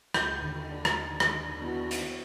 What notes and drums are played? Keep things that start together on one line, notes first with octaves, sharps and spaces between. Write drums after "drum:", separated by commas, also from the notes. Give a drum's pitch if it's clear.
C#2 G6, drum: rim click
D#2 D3
D4
drum: rim click
drum: rim click
B3 E4 F#4
drum: hi-hat